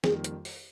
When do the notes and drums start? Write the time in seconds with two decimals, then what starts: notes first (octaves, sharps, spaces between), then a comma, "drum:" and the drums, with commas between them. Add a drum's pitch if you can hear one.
0.04 F2 D#3 G3 A#3 G#4, drum: snare
0.24 drum: hi-hat
0.45 drum: open hi-hat